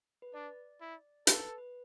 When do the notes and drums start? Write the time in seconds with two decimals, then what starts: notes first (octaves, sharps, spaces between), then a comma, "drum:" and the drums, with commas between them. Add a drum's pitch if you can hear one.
0.22 B4
0.34 D4 D5
0.81 E4
1.27 A4 B4, drum: hi-hat
1.43 B4
1.58 B4